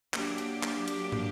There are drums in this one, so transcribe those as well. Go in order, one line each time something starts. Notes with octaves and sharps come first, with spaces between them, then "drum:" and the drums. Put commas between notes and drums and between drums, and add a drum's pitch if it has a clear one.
F#3 A#3 D4 G4, drum: clap
drum: hi-hat
drum: clap
drum: hi-hat
drum: tom